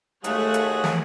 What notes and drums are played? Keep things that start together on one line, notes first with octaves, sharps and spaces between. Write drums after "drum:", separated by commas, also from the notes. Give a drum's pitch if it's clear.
D#2 A3 F4 F#4 G#4 C#5 F#5, drum: hi-hat
drum: hi-hat
drum: snare